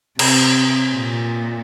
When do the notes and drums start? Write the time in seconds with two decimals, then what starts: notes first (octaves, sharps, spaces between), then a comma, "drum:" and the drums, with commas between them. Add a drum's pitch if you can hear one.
0.19 C3, drum: cymbal
0.96 A#2